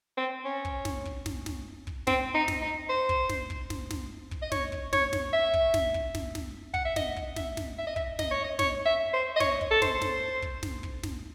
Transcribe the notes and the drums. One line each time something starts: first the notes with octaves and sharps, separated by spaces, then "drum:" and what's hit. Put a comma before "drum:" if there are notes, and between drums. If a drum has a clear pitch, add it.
C4
C#4
drum: kick
drum: snare
drum: kick
drum: snare
drum: snare
drum: kick
C4, drum: snare
D#4
drum: snare
D#4
C5
drum: kick
drum: snare
drum: kick
drum: snare
drum: snare
drum: kick
D#5
C#5, drum: snare
drum: kick
C#5, drum: snare
drum: snare
E5
drum: kick
drum: snare
drum: kick
drum: snare
drum: snare
F#5, drum: kick
E5
D#5, drum: snare
drum: kick
E5, drum: snare
drum: snare
E5
D#5
E5, drum: kick
D#5, drum: snare
C#5
D#5
C#5, drum: snare
E5
C5
D#5
C#5, drum: snare
drum: kick
A4
C5, drum: snare
drum: snare
drum: kick
drum: snare
drum: kick
drum: snare